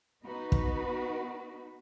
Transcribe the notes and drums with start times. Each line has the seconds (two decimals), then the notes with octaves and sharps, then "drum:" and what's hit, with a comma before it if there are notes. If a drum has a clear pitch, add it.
0.23 B3 D#4 F#4 B4
0.52 drum: kick